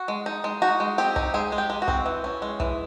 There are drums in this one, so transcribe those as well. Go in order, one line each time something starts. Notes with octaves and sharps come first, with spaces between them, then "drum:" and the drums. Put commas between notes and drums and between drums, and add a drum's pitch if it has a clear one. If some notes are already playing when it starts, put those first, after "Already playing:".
Already playing: F#4
G#3
D#4
G#3
D#4 F#4
G#3
C4 G4
D#4, drum: kick
G#3 G#4
G#3
G4
G#3
F#4
C4, drum: kick
E3
C#4
G#3
E3, drum: kick